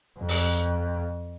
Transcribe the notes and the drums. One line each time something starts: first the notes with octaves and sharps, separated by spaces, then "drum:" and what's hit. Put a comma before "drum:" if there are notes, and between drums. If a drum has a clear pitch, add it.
F2
drum: open hi-hat